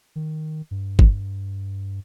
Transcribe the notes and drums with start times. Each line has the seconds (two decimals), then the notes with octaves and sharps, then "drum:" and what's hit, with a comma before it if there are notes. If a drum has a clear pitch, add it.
0.16 D#3
0.71 G2
0.99 drum: kick